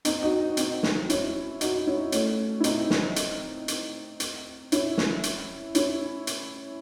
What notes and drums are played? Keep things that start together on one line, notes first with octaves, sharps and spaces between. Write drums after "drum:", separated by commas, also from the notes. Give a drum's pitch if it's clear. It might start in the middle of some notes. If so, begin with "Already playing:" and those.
C4 D#4, drum: hi-hat
D#4 F#4
C4 D#4, drum: hi-hat
drum: snare
C#4 E4, drum: hi-hat
D#4 F#4, drum: hi-hat
C#4 E4
A3 C#4, drum: hi-hat
E4
C4 D#4, drum: hi-hat
drum: snare
drum: hi-hat
drum: hi-hat
drum: hi-hat
C#4 E4, drum: hi-hat
drum: snare
drum: hi-hat
C#4 E4, drum: hi-hat
drum: hi-hat